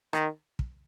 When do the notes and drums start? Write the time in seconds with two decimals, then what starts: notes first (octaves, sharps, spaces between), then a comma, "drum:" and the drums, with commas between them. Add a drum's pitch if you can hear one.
0.13 D#3, drum: rim click
0.59 drum: kick